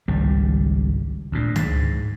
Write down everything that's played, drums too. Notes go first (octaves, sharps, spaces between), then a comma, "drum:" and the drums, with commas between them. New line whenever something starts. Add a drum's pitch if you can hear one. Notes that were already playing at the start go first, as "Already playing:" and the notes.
G#1 C#2 G3
D2 A#2
G#2, drum: tom C#2